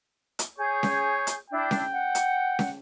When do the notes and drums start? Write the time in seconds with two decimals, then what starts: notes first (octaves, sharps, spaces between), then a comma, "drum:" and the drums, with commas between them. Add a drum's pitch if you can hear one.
0.39 drum: hi-hat
0.58 G#4 C#5 G6
0.83 drum: snare C#4
1.27 drum: hi-hat
1.50 D4 E4 G5
1.71 drum: snare C#4
1.93 F#5
2.15 drum: hi-hat
2.59 drum: snare C#4